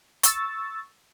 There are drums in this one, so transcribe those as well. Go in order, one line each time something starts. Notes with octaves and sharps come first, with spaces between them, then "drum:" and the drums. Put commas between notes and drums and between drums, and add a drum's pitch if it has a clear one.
C#6 E6 A6, drum: hi-hat